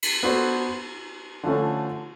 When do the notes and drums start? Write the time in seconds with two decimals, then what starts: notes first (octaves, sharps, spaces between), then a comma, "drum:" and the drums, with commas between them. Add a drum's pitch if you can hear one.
0.03 drum: cymbal
0.23 B3 D4 F#4 A4 C5
1.43 D3 F3 A3 C#4